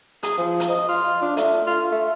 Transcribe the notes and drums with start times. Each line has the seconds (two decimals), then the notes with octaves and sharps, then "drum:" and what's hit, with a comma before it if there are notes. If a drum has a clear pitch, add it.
0.23 G#4, drum: hi-hat
0.38 F3
0.60 drum: hi-hat
0.70 D#5
0.89 F4
1.22 D4
1.37 A3, drum: hi-hat
1.67 F4
1.92 A3